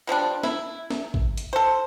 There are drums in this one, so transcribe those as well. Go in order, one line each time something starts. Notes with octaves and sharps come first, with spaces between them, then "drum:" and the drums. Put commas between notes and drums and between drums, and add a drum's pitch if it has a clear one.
B2 F3 G3 D4
E4, drum: snare
drum: snare
drum: kick
drum: hi-hat
A4 C5